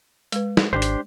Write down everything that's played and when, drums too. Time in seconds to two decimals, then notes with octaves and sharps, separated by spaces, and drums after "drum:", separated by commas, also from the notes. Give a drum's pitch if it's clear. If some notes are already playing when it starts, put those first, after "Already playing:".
0.32 G#3 B4, drum: hi-hat
0.57 drum: snare
0.73 G#1 D4 G4 C5
0.82 drum: hi-hat